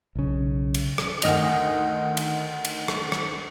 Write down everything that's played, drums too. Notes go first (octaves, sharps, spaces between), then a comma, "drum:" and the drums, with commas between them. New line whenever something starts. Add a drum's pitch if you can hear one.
B1 C#3
drum: cymbal
drum: rim click
D2 D#3 D#5 F7, drum: cymbal
drum: cymbal
drum: cymbal
drum: rim click
drum: rim click